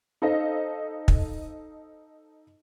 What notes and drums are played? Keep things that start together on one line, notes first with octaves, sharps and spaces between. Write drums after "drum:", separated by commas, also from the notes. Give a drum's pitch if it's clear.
D#4 A4 C5 D#5 F5
drum: kick